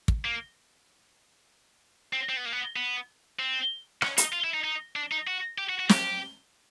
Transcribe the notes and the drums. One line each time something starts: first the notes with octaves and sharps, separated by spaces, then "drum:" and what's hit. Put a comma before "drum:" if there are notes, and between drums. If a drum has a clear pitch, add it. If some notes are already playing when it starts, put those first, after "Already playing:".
drum: kick
A#3
C4
C4
B3
A#3
B3
B3
C4
C#4, drum: rim click
D#4, drum: hi-hat
F4
E4
D#4
D#4
D4
D#4
F#4
G4
F#4
F#4
G4, drum: snare